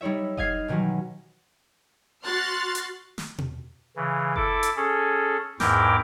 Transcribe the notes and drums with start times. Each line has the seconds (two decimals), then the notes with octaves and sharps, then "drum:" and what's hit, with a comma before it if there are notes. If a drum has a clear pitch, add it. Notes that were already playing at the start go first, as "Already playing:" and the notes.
0.01 G3 D#4 E4 C#5 E5
0.37 D#5 F5 G#6 C7, drum: kick F#1
0.68 B2 D#3 E3 F#3 G3
2.25 F#4 C6 F6 F#6 A6
2.75 drum: hi-hat
3.18 drum: snare
3.38 drum: tom B2
3.96 C#3 E3
4.36 E4 A4 D6, drum: kick F#1
4.63 drum: hi-hat
4.76 C#4 G#4 A4
5.60 E2 G#2 E4 A#4 G5 D6, drum: snare